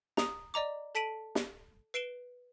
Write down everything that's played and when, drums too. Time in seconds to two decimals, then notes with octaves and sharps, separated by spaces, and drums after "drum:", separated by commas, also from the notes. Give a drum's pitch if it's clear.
0.17 A#5 D#6, drum: snare
0.54 D5 D#5 A#5 D6
0.95 A4 A5 B6 D7 D#7 F#7
1.35 drum: snare
1.94 B4 C7 D7 E7 G7